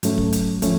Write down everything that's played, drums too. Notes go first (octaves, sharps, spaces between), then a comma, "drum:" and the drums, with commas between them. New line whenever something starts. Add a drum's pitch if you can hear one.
G#2 F#3 A3 C#4, drum: hi-hat
drum: kick
drum: hi-hat
F3 A3 C#4, drum: kick, hi-hat